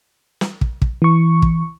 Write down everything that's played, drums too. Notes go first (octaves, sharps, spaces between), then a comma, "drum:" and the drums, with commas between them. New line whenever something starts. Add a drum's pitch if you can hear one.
drum: snare
drum: kick
drum: kick
E3 C#6
drum: kick